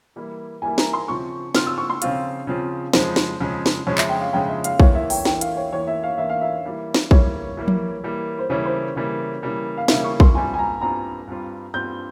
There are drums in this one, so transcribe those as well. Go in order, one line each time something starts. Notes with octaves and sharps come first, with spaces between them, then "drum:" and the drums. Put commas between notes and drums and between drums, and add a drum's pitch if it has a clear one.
E3 G3 A#3 E4
E3 G3 A#3 E4 G#5
A#5, drum: snare
C6
C#3 F3 C4 F4 C#6
C#3 F3 C4 F4 F6, drum: snare
E6
C#6
C6
C#3 F3 C4 F4 F5, drum: hi-hat
C#3 F3 C4 F4
F2 C#3 F3 G#3 C5, drum: snare
drum: snare
F2 C#3 F3 G#3
drum: snare
F2 C#3 F3 G#3 C#5
E5, drum: clap
G5
F5
F2 C#3 F3 G#3 G5
E5
F5, drum: hi-hat
E2 E3 A#3 C#5, drum: kick A#1
E5
G5, drum: open hi-hat
E2 E3 A#3 G5, drum: snare
F5, drum: hi-hat
C#5
E2 E3 A#3 C#5
E5
F5
E2 E3 A#3 E5
F5
E5
E3 G3 A#3
drum: snare
E3 G3 A#3 C#5, drum: kick A#1
E3 G3 A#3
drum: tom F3
E3 G3 A#3
C5
C#3 E3 G3 A#3 C#5
C5
C#3 E3 G3 A#3
C#3 E3 G3 A#3
F5
C#3 E3 G3 A#3 E5, drum: snare
C#6
C6, drum: kick A#1
G2 G3 C4 F4 G#5
G#5
A#5
G2 G3 C4 F4 A#5
G2 G3 C4 F4
G2 G3 C4 F4 G6